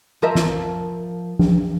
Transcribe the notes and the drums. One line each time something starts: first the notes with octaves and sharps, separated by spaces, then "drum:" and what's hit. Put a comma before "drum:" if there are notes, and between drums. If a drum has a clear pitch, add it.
F3 A#4 E5
drum: snare
drum: tom F3